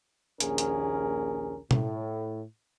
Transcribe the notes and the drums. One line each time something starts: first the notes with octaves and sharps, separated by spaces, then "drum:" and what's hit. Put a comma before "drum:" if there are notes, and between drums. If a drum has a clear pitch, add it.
A#1 D#2 C#4 G#4 A#4, drum: hi-hat
drum: hi-hat
A2, drum: tom B2